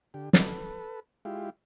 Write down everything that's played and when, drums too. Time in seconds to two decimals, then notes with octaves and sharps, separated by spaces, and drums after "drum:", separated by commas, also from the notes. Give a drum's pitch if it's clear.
0.14 D3 G4
0.33 A4 B4, drum: snare
1.25 G#3 E4 F4 G4